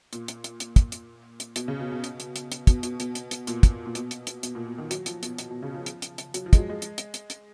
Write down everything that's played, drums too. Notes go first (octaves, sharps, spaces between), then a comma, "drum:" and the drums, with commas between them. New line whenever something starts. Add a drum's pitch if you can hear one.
A#2, drum: hi-hat
drum: hi-hat
drum: hi-hat
drum: hi-hat
drum: kick, hi-hat
drum: hi-hat
drum: hi-hat
B2, drum: hi-hat
C#3
B2
B2
drum: hi-hat
drum: hi-hat
drum: hi-hat
drum: hi-hat
B2, drum: kick, hi-hat
B2, drum: hi-hat
B2, drum: hi-hat
drum: hi-hat
drum: hi-hat
A#2, drum: hi-hat
drum: kick, hi-hat
A#2
B2, drum: hi-hat
drum: hi-hat
drum: hi-hat
B2, drum: hi-hat
A#2
B2
D#3
F#3, drum: hi-hat
F3, drum: hi-hat
B2, drum: hi-hat
drum: hi-hat
B2
C#3
F3
drum: hi-hat
drum: hi-hat
drum: hi-hat
F#3, drum: hi-hat
F3
G#3, drum: kick, hi-hat
F#3
G#3
drum: hi-hat
drum: hi-hat
drum: hi-hat
drum: hi-hat